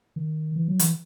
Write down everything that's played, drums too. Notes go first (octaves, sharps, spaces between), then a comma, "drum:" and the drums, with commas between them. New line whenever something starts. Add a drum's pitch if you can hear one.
D#3
E3
F#3
E3, drum: hi-hat